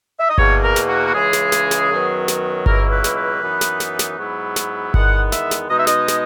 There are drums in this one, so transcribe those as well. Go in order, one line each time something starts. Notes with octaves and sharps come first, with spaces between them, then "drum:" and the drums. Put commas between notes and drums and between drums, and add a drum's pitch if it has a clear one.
E5
D#5
E2 B2 A#3 C#5, drum: kick G1
A#4
drum: snare
F#4
F#4
C#2 C#3 E3 G#3 G#4
drum: snare
drum: snare
drum: snare
F#2 D#3 F#3 B3
drum: snare
C#2 B2 F#3 A#3 E4 A#4, drum: kick G1
B4
drum: snare
B4
F#2 E3 B3 D#4
drum: snare
drum: snare
drum: snare
G#2 F#3 B3 E4
drum: snare
E2 D#3 G#3 B3 F#5, drum: kick G1
E5, drum: snare
drum: snare
B2 G#3 D#4 D#5
E5
D#5, drum: snare
drum: snare